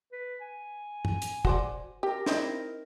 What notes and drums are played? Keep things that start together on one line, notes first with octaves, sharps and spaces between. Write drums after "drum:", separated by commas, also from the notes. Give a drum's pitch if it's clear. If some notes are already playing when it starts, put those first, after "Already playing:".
B4
G#5
drum: tom
drum: hi-hat
F#4 C5 D5, drum: kick
G4 A#4
C4 D#4 E4, drum: snare